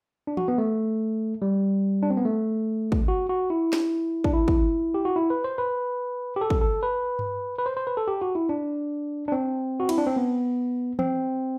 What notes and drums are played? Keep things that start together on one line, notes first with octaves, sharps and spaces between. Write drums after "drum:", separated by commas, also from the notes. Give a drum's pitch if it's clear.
D4
F#4, drum: tom E3
B3
A3
G3
D4
C4
B3
A3
drum: kick
F#4
F#4
E4
drum: snare
D4, drum: kick
E4
drum: kick
G4
F#4
E4
B4
C5
B4
G4
A4
drum: kick
A4
B4
drum: tom G2
B4
C5
C5
B4
A4
G4
F#4
E4
D4
D4
C4
F#4
E4, drum: cymbal
D4
C4
B3
C4, drum: tom E3